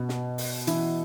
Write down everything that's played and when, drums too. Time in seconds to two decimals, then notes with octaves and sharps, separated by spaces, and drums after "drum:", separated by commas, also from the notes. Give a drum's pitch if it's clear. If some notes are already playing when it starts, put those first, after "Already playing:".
Already playing: B2 B3
0.09 drum: snare
0.38 drum: open hi-hat
0.67 E3 E4, drum: hi-hat